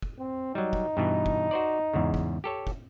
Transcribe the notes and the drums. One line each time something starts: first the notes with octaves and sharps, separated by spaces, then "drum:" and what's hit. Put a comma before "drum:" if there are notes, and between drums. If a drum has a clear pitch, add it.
drum: kick
C4
F#3 G3 D#4
drum: kick
G2 B2 E3
drum: kick
F#4 C5 D5
E2 G#2 C#3
drum: kick
G4 A4 C#5
drum: kick